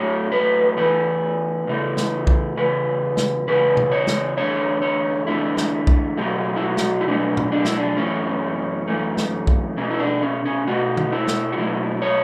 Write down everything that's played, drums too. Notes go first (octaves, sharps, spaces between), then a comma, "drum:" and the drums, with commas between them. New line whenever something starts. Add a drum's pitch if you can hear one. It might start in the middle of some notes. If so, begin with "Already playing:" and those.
Already playing: A2 F#3 A3 C#5
B4
E2 C#3 E3 A3 B4
E2 C#3 E3 A3
drum: snare
drum: kick
E2 C#3 B4
drum: snare
E2 C#3 B4
drum: tom B2
C#5
drum: snare
E2 D3 A3 C#5
C#5
E2 D3 A3 E4
drum: snare
drum: kick
B2 F#3 A3 G4
E4
F#4
drum: snare
E4
B2 F#3 A3 D4
drum: tom A2
D4
E4, drum: snare
D4
F#2 E3 A3 C#4
F#2 E3 A3
drum: snare
drum: kick
B2 A3 C#4
E4
D4
C#4
C#4
B2 A3 F#4
drum: tom
E4
drum: snare
F#4
B2 F#3 A3 E4
C#5